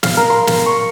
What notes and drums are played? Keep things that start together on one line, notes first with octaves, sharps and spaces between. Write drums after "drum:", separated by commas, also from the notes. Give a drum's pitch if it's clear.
F5, drum: snare
A#4
C6
drum: snare
C#6